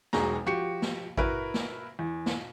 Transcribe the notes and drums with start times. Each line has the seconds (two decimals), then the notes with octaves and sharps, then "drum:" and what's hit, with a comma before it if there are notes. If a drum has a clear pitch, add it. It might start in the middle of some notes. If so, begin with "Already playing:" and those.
0.13 E1 B1 G#3 F#4 A#5, drum: snare
0.46 F3 F#4 G4 C#7
0.82 drum: snare
1.17 E4 F#4 A#4 B4, drum: kick A1
1.54 drum: snare
1.99 E2
2.26 drum: snare